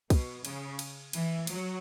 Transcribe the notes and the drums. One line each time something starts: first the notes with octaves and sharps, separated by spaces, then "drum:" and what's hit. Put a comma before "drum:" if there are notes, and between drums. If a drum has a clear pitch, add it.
B2, drum: kick, cymbal
C#3, drum: cymbal
drum: cymbal
E3, drum: cymbal
F#3, drum: cymbal